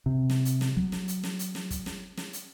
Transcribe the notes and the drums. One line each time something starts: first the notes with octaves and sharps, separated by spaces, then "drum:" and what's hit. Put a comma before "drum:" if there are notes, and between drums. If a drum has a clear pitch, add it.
C3
drum: snare
drum: hi-hat
drum: snare
F#3, drum: kick
drum: snare
drum: hi-hat
drum: snare
drum: hi-hat
drum: snare
drum: kick, hi-hat
drum: snare
drum: snare
drum: hi-hat